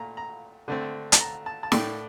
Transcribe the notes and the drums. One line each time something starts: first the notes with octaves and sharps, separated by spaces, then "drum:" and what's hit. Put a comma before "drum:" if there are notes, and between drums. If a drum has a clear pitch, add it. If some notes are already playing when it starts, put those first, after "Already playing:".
Already playing: A#2 A3 A#5
A#5
D3 A3 C4
A5, drum: hi-hat
A#5
A5
A5
A2 A3 D4 G5, drum: snare